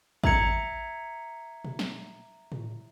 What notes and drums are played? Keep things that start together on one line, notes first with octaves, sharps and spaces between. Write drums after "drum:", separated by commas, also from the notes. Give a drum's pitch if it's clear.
E5 A#5 G#6 C#7, drum: kick
drum: tom A#2
drum: snare
drum: tom A2